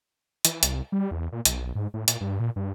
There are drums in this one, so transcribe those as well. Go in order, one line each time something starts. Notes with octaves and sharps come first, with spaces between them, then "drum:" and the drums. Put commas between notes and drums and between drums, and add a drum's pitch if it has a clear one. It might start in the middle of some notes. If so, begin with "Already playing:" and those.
E3, drum: hi-hat
C2, drum: hi-hat
G3
E2
A#2
B1, drum: hi-hat
G#2
A2
A#2, drum: hi-hat
G2
A#2
G2